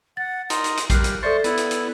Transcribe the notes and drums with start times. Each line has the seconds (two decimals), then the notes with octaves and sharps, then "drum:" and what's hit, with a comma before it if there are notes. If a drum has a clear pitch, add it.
0.17 F#5 A6
0.50 D#4 A#4 C6, drum: hi-hat
0.64 drum: hi-hat
0.77 drum: hi-hat
0.90 G3 A#4 F#6 C7, drum: kick, hi-hat
1.04 drum: hi-hat
1.23 A4 C5 D5 E5 C#6 A6
1.44 B3 E4, drum: hi-hat
1.57 drum: hi-hat
1.71 drum: hi-hat